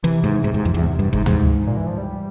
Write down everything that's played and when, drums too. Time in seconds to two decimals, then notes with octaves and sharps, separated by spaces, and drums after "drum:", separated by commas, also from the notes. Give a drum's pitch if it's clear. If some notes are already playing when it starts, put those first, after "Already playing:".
0.03 C3 E3
0.24 G#2
0.44 G#2
0.54 G#2
0.65 F2
0.74 E2
0.99 G2
1.13 G#2, drum: kick F#1
1.26 G#2, drum: tom D2
1.67 A#2
1.77 E3
1.87 F3
1.98 G3